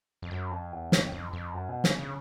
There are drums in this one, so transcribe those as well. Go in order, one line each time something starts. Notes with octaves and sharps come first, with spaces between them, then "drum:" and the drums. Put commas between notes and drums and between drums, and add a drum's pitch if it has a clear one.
F2
F#2
F2
E2
F2, drum: snare
F2
F2
F#2
B2
C#3, drum: snare
C#3